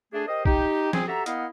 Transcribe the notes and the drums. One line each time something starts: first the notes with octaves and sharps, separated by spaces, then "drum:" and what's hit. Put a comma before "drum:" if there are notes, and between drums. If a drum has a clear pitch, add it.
A3 D4 G#4
G4 A#4 C5 D#5
D#4 G4, drum: kick
C4 G#4 G#5, drum: snare
F#4 G4 A4 E5 A#5
A#3 B3 E4 D#5 F5 F#5, drum: hi-hat